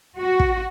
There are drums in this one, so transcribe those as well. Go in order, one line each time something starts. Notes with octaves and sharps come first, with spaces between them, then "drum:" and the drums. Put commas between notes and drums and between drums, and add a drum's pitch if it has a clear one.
F#4
drum: kick